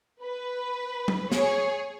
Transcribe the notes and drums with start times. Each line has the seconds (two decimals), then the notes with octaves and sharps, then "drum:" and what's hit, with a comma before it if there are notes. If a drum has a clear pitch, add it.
0.22 B4
1.08 drum: tom F#3
1.32 G#4 C#5, drum: snare